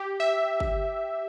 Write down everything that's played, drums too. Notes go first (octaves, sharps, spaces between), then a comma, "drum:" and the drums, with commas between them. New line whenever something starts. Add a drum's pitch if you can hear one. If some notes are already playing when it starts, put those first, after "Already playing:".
Already playing: G4
E5
drum: kick